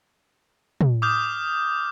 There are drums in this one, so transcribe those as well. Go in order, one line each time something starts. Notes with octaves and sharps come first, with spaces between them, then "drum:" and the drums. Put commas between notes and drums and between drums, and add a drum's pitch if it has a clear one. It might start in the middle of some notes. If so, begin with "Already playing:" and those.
drum: tom
D6 D#6 F6 G6